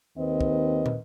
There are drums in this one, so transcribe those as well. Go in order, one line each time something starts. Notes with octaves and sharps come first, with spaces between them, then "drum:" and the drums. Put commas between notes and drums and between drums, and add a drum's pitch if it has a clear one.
D#2 D#3 C4 B4 D#5
drum: kick
drum: tom